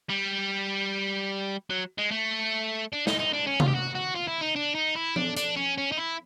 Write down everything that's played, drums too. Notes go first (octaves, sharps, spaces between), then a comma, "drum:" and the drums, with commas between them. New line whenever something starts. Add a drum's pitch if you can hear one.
G3
F#3
G#3
A3
D4
D#4, drum: snare
D#4
D4
C#4
F4, drum: tom C3
G4
F#4
F#4
F4
E4
D#4
D4
D#4
E4
D4, drum: tom F3
D4, drum: hi-hat
C#4
C#4
D#4
E4